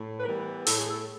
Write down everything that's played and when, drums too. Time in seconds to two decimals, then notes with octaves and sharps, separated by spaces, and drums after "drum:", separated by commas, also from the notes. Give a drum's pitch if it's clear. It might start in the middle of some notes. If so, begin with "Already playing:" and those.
Already playing: A2
0.20 B4
0.26 E3 G3 B3 A#4
0.67 A2 A4, drum: open hi-hat
0.78 G#4
0.90 A4